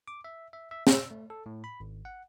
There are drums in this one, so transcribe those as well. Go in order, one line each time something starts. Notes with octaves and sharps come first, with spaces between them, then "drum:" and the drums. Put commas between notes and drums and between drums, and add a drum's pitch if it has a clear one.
D6
E5
E5
E5
E6, drum: snare
A3
A4
A2
B5
G#1
F#5